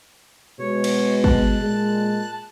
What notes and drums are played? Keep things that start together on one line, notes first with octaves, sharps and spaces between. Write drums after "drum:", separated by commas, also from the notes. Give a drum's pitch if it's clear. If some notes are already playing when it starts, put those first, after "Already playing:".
B2 G#3 C#5
drum: cymbal
A5 F#6, drum: kick
A#2 G#3